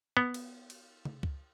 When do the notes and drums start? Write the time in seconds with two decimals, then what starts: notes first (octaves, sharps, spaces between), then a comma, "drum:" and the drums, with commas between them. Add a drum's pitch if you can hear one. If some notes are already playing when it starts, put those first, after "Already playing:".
0.17 B3
0.34 drum: cymbal
0.70 drum: cymbal
1.05 drum: tom C#3
1.23 drum: kick C#2